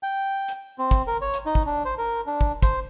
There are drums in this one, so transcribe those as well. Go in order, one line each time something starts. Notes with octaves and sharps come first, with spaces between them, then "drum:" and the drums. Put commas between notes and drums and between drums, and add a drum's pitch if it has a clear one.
G5
drum: hi-hat
C4
drum: kick, hi-hat
A#4
C#5
drum: hi-hat
D#4
drum: kick
D4
C5
A#4
D4
drum: kick
C5, drum: kick, hi-hat